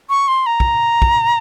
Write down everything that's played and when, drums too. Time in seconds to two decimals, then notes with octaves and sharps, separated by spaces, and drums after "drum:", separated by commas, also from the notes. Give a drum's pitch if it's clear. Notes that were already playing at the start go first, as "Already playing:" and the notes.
0.09 C#6
0.28 C6
0.46 A#5
0.60 drum: kick
1.02 drum: kick